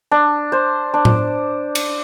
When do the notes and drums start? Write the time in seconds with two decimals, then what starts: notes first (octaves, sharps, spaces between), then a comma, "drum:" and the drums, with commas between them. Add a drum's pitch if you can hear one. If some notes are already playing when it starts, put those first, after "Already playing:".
0.12 D4
0.52 C5
0.94 D4
1.05 drum: tom A2
1.75 drum: cymbal